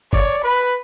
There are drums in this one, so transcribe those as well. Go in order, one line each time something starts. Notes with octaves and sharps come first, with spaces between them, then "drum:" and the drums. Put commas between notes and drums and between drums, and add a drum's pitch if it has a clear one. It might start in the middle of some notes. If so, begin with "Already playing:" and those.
C#5 D5, drum: kick G1
B4 B5